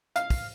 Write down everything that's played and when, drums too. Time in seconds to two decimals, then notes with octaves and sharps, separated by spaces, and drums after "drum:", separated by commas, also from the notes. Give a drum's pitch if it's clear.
0.16 F5, drum: hi-hat
0.30 drum: kick, open hi-hat